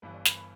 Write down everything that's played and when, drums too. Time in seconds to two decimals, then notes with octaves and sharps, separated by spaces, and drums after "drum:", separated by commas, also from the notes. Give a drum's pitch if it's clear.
0.02 G1 G2 E3 B4
0.14 D5
0.25 B4, drum: snare
0.37 B4